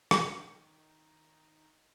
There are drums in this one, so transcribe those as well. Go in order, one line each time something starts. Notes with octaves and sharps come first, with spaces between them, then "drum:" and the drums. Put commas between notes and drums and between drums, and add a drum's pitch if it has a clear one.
D#3 C#5 G5, drum: rim click